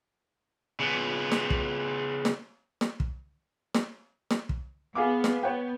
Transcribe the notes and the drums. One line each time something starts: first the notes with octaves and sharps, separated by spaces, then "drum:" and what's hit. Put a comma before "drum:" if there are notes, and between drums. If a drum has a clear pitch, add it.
C#3 B3
drum: snare
drum: kick
drum: snare
drum: snare
drum: kick
drum: snare
drum: snare
drum: kick
B3 G#4 F5 D6
drum: snare
B3 C#5 F#5 G5